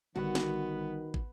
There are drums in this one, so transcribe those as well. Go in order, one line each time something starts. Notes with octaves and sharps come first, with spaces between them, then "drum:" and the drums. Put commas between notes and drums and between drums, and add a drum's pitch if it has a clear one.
G#1 D3 D#3 G3 B3 F#4
drum: snare
drum: kick